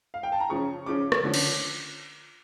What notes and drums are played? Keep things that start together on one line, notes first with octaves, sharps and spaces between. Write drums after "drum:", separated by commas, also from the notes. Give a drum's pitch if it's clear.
F5
G5
A5
A#5
C#3 F3 C#4 C#6
C#3 F3 C#4 D6
drum: rim click
D3 F3 C#4
drum: cymbal